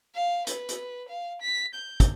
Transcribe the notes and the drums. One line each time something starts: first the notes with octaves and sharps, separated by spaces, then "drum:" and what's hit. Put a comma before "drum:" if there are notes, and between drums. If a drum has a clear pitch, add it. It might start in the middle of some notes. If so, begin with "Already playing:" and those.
F5
B4, drum: hi-hat
drum: hi-hat
F5
B6
G6
drum: kick, hi-hat